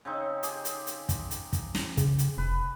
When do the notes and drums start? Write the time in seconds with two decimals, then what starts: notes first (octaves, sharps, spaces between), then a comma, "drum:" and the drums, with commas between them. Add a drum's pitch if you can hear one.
0.05 C#3 C4 D#4
0.43 G4 G#4, drum: hi-hat
0.65 drum: hi-hat
0.87 drum: hi-hat
1.09 drum: kick, hi-hat
1.31 drum: hi-hat
1.53 drum: kick, hi-hat
1.75 drum: snare
1.97 C#3, drum: kick, hi-hat
2.19 drum: hi-hat
2.38 F1 B4